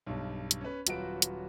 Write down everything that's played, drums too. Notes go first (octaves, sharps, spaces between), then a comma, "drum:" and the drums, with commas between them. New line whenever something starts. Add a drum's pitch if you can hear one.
B1 G2
drum: hi-hat
C#4 B4
D#1 F#3 F4 F#4 B4 D7, drum: hi-hat
drum: hi-hat